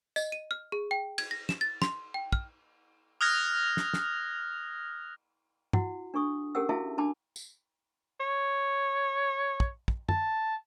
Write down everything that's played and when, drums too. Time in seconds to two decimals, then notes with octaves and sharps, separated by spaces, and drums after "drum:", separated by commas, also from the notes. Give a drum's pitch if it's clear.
0.16 D#5, drum: tambourine
0.32 D#7
0.51 F6
0.72 G#4
0.91 G5
1.18 G#6, drum: cymbal
1.31 A#6
1.49 E7, drum: snare
1.61 A6
1.82 C6, drum: snare
2.14 G5
2.32 F6, drum: kick
3.21 D#6 F6 F#6 G#6 A#6 F7
3.77 drum: snare
3.94 drum: snare
5.73 E4 F#4 F#5, drum: tom
6.14 D4 A4 C#6 D#6
6.55 C#4 G4 A4 A#4 F#5 E6
6.69 E4 F#4 G#4 E5 F5 A5
6.98 D4 G#5 A5 B5 D6
7.36 drum: tambourine
8.20 C#5
9.60 drum: kick
9.88 drum: kick
10.09 A5, drum: tom